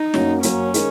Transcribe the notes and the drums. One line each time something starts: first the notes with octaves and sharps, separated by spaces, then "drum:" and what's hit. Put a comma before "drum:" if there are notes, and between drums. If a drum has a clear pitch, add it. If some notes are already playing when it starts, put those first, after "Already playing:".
Already playing: D#4
F#2 F#3 A#3, drum: snare
F#2 F#3 A#3 C#4, drum: hi-hat
D#3 G#3 D#4 A#4, drum: hi-hat